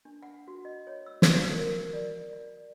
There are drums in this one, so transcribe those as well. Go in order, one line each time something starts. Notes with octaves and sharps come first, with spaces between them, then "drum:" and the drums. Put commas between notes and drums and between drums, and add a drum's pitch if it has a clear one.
D4
F#5
F#4
D#5
C#5
E6
F#4, drum: snare
F5
A#4
D5
D5